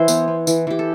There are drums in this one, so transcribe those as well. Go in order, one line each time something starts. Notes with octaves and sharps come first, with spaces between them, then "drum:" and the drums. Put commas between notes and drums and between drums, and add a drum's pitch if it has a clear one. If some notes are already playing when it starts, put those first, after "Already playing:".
Already playing: E3 E4 C5
B3, drum: tambourine
B3
E3, drum: tambourine
E3 G4
A4